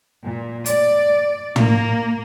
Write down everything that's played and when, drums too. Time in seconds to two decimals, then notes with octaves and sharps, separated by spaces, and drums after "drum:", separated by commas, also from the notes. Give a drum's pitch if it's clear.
0.24 A#2
0.66 D5, drum: hi-hat
1.56 A#3, drum: tom